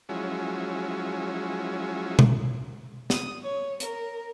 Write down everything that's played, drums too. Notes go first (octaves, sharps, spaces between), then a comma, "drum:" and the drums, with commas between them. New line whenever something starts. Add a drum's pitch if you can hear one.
F3 F#3 G#3 C#4 E4
drum: tom B2
D#6, drum: snare
C#5
A#4, drum: hi-hat